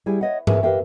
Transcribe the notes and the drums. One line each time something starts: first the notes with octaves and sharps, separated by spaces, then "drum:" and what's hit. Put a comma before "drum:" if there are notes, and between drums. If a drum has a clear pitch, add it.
G3 E4 G#4 G#5
C#5 D#5 F#5
G#4 A#4 B4 E5 G#5, drum: tom G2
G4 A#4 B4 E5 F5 G5